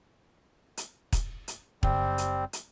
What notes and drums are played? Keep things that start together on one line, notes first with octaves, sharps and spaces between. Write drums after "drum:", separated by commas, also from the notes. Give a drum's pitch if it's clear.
drum: hi-hat
drum: kick, hi-hat
drum: hi-hat
F#1 G3 C4, drum: kick
drum: hi-hat
drum: hi-hat